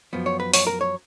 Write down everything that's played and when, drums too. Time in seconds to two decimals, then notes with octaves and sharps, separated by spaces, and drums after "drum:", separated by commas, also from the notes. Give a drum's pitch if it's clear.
0.13 F#2 F3 B3
0.26 C#5
0.40 B4
0.54 C#5, drum: open hi-hat
0.67 A#4
0.81 C#5